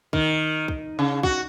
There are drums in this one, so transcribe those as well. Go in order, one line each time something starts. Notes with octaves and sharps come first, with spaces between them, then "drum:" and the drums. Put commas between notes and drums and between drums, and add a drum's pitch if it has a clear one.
D#3, drum: kick
drum: kick
C#3
F#4, drum: kick